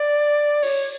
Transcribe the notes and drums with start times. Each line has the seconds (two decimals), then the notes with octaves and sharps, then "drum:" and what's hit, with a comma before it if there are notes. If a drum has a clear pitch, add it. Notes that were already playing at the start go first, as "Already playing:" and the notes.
Already playing: D5
0.63 C#5, drum: open hi-hat